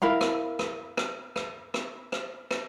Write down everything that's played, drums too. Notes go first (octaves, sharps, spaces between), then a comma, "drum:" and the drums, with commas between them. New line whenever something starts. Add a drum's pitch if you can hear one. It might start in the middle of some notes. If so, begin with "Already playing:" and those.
E4 A#4 F5 B5
drum: rim click
drum: rim click
drum: rim click
drum: rim click
drum: rim click
drum: rim click
drum: rim click